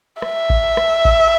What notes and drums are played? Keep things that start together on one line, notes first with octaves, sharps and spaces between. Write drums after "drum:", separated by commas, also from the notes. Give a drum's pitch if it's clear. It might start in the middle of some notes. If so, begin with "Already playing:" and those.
E5, drum: rim click
drum: kick A1
drum: rim click
drum: kick A1